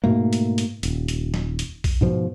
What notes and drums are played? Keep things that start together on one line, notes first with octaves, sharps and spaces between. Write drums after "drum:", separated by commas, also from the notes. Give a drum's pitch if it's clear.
G#2 B2 A3 A#3
drum: hi-hat
drum: hi-hat
D#1, drum: hi-hat
drum: hi-hat
drum: snare
drum: hi-hat
drum: kick B1, open hi-hat
G#2 B2 F3